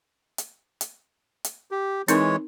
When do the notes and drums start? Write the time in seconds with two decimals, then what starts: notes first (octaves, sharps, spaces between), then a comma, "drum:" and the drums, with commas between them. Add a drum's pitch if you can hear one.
0.38 drum: hi-hat
0.81 drum: hi-hat
1.44 drum: hi-hat
1.71 G4
2.08 E3 G#3 C4 D#4 A#4 C#5, drum: hi-hat